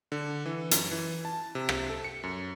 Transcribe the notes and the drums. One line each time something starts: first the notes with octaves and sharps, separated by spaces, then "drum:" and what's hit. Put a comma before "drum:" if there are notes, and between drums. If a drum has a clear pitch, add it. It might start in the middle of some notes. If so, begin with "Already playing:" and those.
D3
E3
F#2, drum: hi-hat
E3
A5
C3
drum: rim click
A4
C#7
F#2